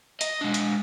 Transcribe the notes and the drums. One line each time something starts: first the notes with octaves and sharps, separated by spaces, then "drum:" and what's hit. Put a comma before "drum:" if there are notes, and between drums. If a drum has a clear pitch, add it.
D#5, drum: hi-hat
G#3 D4
drum: hi-hat